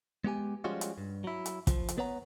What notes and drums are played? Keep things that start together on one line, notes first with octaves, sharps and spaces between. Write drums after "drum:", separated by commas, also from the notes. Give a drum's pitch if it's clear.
G#3 B3 G4 G#5
F3 G3 G#3 C#4 F4 F#4
drum: hi-hat
G2
F#3 E4
drum: hi-hat
F3, drum: kick, hi-hat
drum: hi-hat
B3 B4 C#5 F#5 A#5